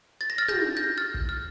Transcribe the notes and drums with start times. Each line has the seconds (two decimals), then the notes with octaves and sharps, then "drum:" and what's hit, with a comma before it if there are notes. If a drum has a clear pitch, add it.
0.21 A6
0.30 A#6
0.38 F6 A6
0.48 G6 A#6, drum: tom
0.77 G6 A#6
0.98 F6 A6
1.14 drum: kick
1.29 F6